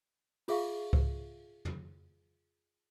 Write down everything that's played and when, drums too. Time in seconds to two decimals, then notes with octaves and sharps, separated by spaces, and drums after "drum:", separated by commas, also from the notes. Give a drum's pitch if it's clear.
0.48 F4 G#4 E5 F5 C#6, drum: open hi-hat
0.93 drum: kick C#2
1.65 drum: tom